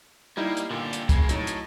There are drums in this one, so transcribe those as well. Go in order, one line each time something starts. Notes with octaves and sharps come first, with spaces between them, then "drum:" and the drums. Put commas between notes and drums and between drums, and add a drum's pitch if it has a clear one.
G3 A#3 D#4 E4
drum: hi-hat
A#2 D3 G4
drum: hi-hat
C#3 A#3, drum: kick, hi-hat
A2 F#3 D#4, drum: hi-hat
drum: hi-hat